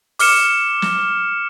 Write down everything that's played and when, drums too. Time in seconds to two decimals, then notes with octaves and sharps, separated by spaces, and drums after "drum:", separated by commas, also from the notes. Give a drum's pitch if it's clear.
0.19 D6 F6 C#7 E7, drum: open hi-hat
0.82 drum: snare